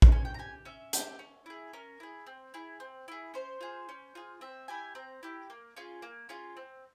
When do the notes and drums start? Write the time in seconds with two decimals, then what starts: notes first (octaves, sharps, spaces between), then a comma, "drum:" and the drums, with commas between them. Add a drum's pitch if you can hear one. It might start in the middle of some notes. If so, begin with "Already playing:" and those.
0.02 drum: kick A#1
0.12 C#4 G#5
0.25 G5
0.34 A#5
0.39 G4 G#5
0.65 C#4 E5
0.93 G4, drum: hi-hat
1.19 C#4
1.46 E4 G#4
1.73 C#4 A#4
2.00 E4 G#4
2.26 C4
2.54 E4 G#4
2.80 C4
3.08 E4 G#4
3.34 C#4 C5
3.61 F4 G#4
3.89 C#4
4.15 F4 G#4
4.41 C4 E5
4.68 E4 G4 G#5
4.95 C4 A#5
5.23 E4 G4
5.50 A#3
5.76 C#4 F4 G#4
6.02 A#3
6.29 C#4 F4 G#4
6.57 C4